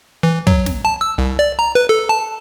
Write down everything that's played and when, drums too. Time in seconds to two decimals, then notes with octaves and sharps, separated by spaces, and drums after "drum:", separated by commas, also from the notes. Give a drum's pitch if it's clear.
0.23 E3
0.47 F#3, drum: kick
0.66 drum: snare
0.85 A5
1.01 E6
1.18 C2
1.39 D5
1.59 A#5
1.75 B4
1.89 A4
2.09 A5